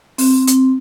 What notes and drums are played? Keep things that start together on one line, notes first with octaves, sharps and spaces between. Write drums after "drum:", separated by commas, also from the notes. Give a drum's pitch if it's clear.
C4, drum: open hi-hat
drum: hi-hat